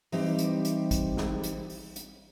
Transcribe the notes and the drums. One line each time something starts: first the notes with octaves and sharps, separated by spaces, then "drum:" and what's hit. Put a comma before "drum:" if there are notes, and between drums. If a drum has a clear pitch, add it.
E3 G3 C4 D#4 G4 C5, drum: open hi-hat
drum: hi-hat
drum: hi-hat
drum: kick A1, hi-hat
drum: snare
drum: hi-hat
drum: open hi-hat
drum: hi-hat